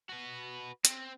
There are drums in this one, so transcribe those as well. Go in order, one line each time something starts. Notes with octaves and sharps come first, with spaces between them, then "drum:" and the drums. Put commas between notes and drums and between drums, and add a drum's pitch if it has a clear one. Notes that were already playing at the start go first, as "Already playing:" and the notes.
F#4 B4
C4, drum: hi-hat